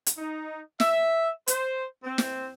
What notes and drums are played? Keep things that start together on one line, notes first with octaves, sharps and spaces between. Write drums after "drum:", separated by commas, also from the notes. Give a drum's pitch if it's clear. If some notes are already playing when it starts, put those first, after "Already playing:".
drum: hi-hat
D#4
E5, drum: snare
C5, drum: hi-hat
C4
drum: snare